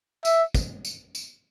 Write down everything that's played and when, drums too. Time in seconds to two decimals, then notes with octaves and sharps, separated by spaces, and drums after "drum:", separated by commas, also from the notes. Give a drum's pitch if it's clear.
0.25 E5, drum: tambourine
0.55 drum: kick, tambourine
0.85 drum: tambourine
1.15 drum: tambourine